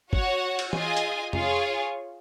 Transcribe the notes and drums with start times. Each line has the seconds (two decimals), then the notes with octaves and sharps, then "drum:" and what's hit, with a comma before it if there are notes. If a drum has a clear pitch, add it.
0.13 F#4 C#5 F#5, drum: kick G1
0.59 drum: cymbal
0.73 F4 G#4 D#5 G#5, drum: tom
0.97 drum: hi-hat
1.33 F4 G#4 C#5 F5, drum: tom F2